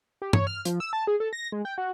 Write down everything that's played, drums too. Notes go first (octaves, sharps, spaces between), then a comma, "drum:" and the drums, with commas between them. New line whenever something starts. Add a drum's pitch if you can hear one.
G4
C#5, drum: tom G2
F6
F3, drum: hi-hat
E6
A5
G#4
A4
A#6
G#3
G5
F#4